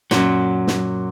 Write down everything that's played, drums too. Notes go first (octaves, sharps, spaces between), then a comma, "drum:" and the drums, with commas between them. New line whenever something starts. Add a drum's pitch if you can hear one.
F#2 A#2 F#3, drum: snare
drum: snare